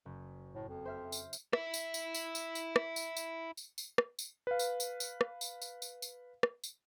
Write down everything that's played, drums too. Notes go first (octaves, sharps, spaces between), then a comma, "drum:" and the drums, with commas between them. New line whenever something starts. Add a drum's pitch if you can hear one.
F#1
A2
F2
C5 E5 F6
drum: tambourine
drum: tambourine
E4 E5, drum: rim click
drum: tambourine
drum: tambourine
drum: tambourine
drum: tambourine
drum: tambourine
drum: rim click
drum: tambourine
drum: tambourine
drum: tambourine
drum: tambourine
drum: rim click
drum: tambourine
B4 F5
drum: tambourine
drum: tambourine
drum: tambourine
drum: rim click
drum: tambourine
drum: tambourine
drum: tambourine
drum: tambourine
drum: rim click
drum: tambourine